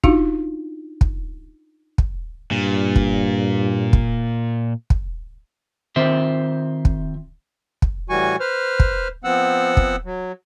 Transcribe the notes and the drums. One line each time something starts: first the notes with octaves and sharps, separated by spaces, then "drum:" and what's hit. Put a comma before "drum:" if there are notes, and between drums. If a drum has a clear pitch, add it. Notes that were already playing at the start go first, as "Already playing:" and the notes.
D4 D#4 F4 F#4 F5, drum: kick
drum: kick
drum: kick
G2 A#2
drum: kick
drum: kick
drum: kick
D#3 C4 F4 C5 E5
drum: kick
drum: kick
A2 E3 G3 F#4 G#5 C#6
B4 C5 F6
drum: kick
F3 B3 C4 F#5 E6
drum: kick
F#3